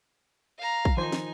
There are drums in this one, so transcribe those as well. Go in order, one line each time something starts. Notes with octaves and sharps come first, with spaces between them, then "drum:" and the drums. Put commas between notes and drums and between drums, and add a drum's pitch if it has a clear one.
F5 A#5
drum: kick
D#3 F3 D#4 C5 G#5
drum: snare